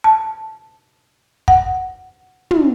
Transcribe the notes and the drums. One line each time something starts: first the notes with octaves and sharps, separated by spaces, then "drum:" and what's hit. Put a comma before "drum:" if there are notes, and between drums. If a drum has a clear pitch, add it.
A5
F#5, drum: kick
drum: tom